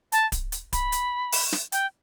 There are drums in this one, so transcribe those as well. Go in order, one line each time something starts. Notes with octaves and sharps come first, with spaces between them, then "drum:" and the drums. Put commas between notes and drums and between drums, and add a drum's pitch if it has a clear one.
A5, drum: hi-hat
drum: kick D1, hi-hat
drum: hi-hat
B5, drum: kick D1, hi-hat
drum: hi-hat
drum: open hi-hat
drum: snare
G5, drum: hi-hat